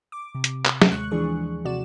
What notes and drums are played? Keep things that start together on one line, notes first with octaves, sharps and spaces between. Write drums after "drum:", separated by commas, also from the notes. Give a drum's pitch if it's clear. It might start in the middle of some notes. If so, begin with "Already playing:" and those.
D6
C3
drum: hi-hat
drum: clap
drum: snare
D#2 G#3 C#6 F#6
E3 F3 D4 G#4 C#6
C3 F#4 D5 E7